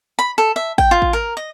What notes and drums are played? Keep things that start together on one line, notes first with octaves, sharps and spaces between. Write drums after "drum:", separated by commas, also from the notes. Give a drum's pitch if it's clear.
B5
A4
E5
G5, drum: kick A1
F4
drum: kick A1
A#4
D#5